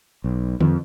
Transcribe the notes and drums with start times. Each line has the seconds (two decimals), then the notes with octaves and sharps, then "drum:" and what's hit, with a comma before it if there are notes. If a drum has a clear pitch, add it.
0.24 B1
0.61 F2, drum: tom D3